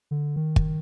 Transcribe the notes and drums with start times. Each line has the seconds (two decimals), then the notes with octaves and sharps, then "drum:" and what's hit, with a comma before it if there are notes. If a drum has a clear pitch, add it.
0.11 D3
0.36 D#3
0.56 drum: kick